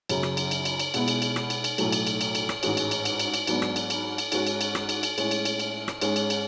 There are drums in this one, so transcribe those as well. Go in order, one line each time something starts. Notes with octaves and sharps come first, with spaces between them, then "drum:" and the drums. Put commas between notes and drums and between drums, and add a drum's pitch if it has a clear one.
F#2 C#3 F#3, drum: cymbal
drum: rim click
drum: cymbal
drum: cymbal
drum: cymbal
drum: cymbal
B2 G#3 B3 E4, drum: cymbal
drum: cymbal
drum: cymbal
drum: rim click
drum: cymbal
drum: cymbal
B1 A2 F#3 A3, drum: cymbal
drum: cymbal
drum: cymbal
drum: cymbal
drum: cymbal
drum: rim click
A1 G#2 G#3 C#4 F#4, drum: cymbal
drum: cymbal
drum: cymbal
drum: cymbal
drum: cymbal
drum: cymbal
G#2 F#3 B3 D4, drum: cymbal
drum: rim click
drum: cymbal
drum: cymbal
drum: cymbal
G#2 G#3 C#4 F#4, drum: cymbal
drum: cymbal
drum: cymbal
drum: rim click
drum: cymbal
drum: cymbal
A2 G#3 C#4, drum: cymbal
drum: cymbal
drum: cymbal
drum: cymbal
drum: rim click
G#2 G#3 C#4, drum: cymbal
drum: cymbal
drum: cymbal